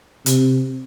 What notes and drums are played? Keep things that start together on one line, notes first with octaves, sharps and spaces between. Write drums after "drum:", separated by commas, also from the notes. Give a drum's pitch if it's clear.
C3, drum: hi-hat